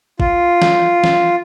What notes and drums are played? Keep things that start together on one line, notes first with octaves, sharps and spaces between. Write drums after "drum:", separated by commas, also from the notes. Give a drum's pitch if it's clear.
F4, drum: kick G1
drum: snare
drum: snare